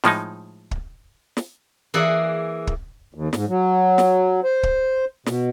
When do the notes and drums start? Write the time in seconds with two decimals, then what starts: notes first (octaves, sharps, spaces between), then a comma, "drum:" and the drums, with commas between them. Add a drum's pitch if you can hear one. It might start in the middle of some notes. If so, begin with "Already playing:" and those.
0.04 A2 F3 G#3 D#4, drum: snare
0.71 drum: kick
1.37 drum: snare
1.94 E3 A#3 G#4 D5 F#5
2.67 drum: kick
3.14 D#2
3.33 G#2, drum: snare
3.49 F#3
3.98 drum: snare
4.44 C5
4.63 drum: kick
5.26 B2, drum: snare